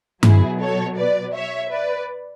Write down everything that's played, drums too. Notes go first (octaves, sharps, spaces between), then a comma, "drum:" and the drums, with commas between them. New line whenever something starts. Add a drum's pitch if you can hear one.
B2 F#3 E4 G#4, drum: tom G2
A4 C#5
B4 D5
C#5 E5
B4 D5